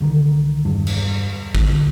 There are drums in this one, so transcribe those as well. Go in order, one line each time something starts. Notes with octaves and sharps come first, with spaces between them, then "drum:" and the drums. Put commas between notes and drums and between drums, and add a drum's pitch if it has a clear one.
C2 D3 D#3
E1 E2 G2
drum: cymbal
D#1 D3, drum: kick G#1